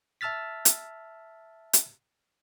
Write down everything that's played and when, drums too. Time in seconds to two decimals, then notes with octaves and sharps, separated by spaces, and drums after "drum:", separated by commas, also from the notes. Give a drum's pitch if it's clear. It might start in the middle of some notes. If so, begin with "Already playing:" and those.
0.21 E5 A5 E6 F6 A6 B6
0.65 drum: hi-hat
1.73 drum: hi-hat